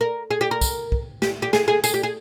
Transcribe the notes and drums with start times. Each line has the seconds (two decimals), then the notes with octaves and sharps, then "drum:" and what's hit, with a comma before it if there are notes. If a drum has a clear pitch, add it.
0.01 A#4
0.31 G#4
0.41 G4
0.51 A#4
0.61 drum: kick, tambourine
0.92 drum: kick
1.22 G4, drum: snare
1.42 G4
1.53 G#4, drum: snare
1.68 G#4
1.84 G#4, drum: tambourine
1.94 G4
2.03 G#4